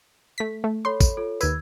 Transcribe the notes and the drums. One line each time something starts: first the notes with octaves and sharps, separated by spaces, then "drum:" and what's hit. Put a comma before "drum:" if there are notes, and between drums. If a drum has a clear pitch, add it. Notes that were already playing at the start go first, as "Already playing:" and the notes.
A3 B6
A3
A4 C#5 B5 C6
drum: kick, tambourine
F4 A4 C#5
D#2 B4 E6 G#6, drum: tambourine